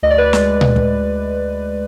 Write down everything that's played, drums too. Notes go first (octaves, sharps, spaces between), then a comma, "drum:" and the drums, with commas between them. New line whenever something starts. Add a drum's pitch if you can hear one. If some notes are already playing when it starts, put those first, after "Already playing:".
D2 D#5
D5
B4
D5
G#3, drum: snare
D2, drum: tom A#2
drum: kick